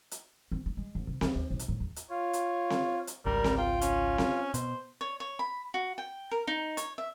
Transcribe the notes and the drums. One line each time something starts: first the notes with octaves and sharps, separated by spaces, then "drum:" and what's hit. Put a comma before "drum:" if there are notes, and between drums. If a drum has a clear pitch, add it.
drum: hi-hat
C4
A3
G#3
G#1
C3
D#2, drum: snare C4
D#2
B1
drum: hi-hat
A2
E2
drum: hi-hat
F4 C#5
drum: hi-hat
drum: snare C4
drum: hi-hat
G#1 C#2 G3 A#4
drum: snare C4
F4 G5
C#4, drum: hi-hat
drum: snare C4
B2 C5, drum: hi-hat
C#5
C#5
B5
F#4
G5
A#4
D#4
C#5, drum: hi-hat
E5